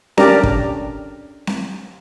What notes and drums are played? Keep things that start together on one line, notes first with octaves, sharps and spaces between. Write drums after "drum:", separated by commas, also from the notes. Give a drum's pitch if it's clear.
C#4 D4 G4 A#4 D5 A#5, drum: snare C4
drum: kick
drum: snare C4